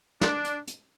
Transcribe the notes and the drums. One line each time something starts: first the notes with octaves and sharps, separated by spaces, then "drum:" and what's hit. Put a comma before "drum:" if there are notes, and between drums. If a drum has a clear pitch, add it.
D4, drum: snare
drum: hi-hat
drum: hi-hat